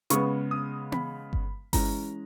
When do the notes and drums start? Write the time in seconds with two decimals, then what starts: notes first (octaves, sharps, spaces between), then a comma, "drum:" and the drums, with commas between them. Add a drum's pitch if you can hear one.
0.10 C#3 G#3 B3 C#6, drum: hi-hat
0.51 D#6
0.92 B5, drum: tom B3
1.33 drum: kick G1
1.73 E3 G#3 C#4 A#5, drum: kick G1, open hi-hat